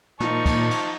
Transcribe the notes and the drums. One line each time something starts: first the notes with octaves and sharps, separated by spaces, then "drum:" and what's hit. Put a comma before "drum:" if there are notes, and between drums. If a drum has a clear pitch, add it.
A#2 F3 D#4 A5 C#6, drum: snare
drum: kick, cymbal
drum: cymbal